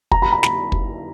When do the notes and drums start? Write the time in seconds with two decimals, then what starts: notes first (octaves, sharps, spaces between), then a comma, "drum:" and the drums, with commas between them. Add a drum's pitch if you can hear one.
0.12 A#5, drum: kick
0.22 B5
0.32 A#5
0.43 B5, drum: snare
0.72 drum: kick